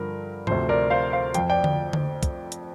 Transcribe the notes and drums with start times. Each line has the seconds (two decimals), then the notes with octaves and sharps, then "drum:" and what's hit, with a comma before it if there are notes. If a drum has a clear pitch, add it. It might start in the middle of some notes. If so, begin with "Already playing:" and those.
Already playing: G2 D3 F3 A#4
0.47 D2 C3 F3 C5, drum: tom G2
0.69 A#4 D5
0.90 C5 F5
1.13 C5 F5
1.34 F2 F3 G5, drum: hi-hat
1.49 D5 G5
1.64 drum: tom D3
1.93 drum: tom D3
2.23 drum: kick, hi-hat
2.52 drum: hi-hat